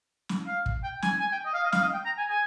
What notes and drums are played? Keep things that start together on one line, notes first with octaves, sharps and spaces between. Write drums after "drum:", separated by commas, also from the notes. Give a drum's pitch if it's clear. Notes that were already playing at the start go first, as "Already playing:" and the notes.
drum: snare
F5
drum: kick
G5
G#5, drum: snare
G#5
G5
D#5
F5
D#5
F5, drum: snare
D#5
G5
A#5
G#5
G#5